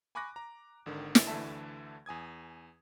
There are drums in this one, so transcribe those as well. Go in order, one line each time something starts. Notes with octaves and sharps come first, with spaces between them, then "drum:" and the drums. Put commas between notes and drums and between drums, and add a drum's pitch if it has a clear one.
G#5 B5 C#6 D6 F#6 A#6
A#5
G#1 D3 D#3
drum: snare
D2 D3 E3 A3 E5 A5
E2 G#5 D#6 G#6